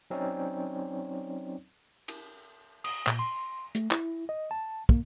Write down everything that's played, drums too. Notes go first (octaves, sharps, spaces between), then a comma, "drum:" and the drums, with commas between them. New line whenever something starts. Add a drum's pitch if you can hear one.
F#3 C4 C#4 D#4 C#5 D5
drum: cymbal
D#6, drum: cymbal
A#2, drum: clap
C6
A3, drum: hi-hat
E4, drum: clap
D#5
A5
A#3, drum: kick